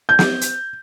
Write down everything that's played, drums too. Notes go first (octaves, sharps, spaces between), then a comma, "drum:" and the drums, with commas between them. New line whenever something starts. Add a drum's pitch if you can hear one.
G6
drum: snare
drum: hi-hat